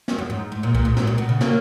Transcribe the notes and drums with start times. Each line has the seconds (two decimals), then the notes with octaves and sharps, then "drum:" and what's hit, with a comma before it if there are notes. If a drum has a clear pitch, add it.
0.08 drum: snare
0.18 F#2
0.30 G#2
0.52 G#2
0.63 A#2
0.75 A#2, drum: kick C2
0.85 G#2
0.97 G#2, drum: snare
1.07 A#2
1.18 B2
1.29 C#3
1.41 F#3 A#3, drum: snare